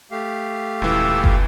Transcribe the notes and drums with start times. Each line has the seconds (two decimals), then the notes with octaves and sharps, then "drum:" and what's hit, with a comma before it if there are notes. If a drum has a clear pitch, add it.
0.11 A3 G4 F5
0.82 D#1 C#2 E3 E6
1.24 drum: kick F#1